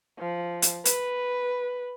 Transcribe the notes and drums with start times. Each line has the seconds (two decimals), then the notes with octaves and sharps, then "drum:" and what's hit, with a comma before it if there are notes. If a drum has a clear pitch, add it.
0.19 F3
0.62 drum: hi-hat
0.85 B4, drum: hi-hat